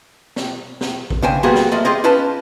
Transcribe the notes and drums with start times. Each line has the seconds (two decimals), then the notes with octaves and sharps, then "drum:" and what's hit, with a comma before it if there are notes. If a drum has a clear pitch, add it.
0.36 drum: snare
0.81 drum: snare
1.11 drum: kick A1
1.22 C#3 D4 C5 D#5 G5 G#5
1.43 F3 G3 A#3 B3 F#4 G#4
1.55 drum: snare
1.71 A3 A#3 F4 D5 D#5
1.85 F4 G4 G#4 C#5 D#5
2.04 C#4 F4 B4 D#5 A5